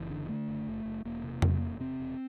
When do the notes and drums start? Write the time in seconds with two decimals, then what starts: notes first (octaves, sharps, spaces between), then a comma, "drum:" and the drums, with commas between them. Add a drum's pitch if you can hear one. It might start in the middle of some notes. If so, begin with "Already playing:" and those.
Already playing: F#1 E3
0.10 D3
0.29 D3 A3
0.48 F#1
0.67 F#1
0.85 F#1
1.05 E1 A#3
1.24 C3
1.42 E1, drum: tom F2
1.62 E1
1.80 C3 C4
2.00 E1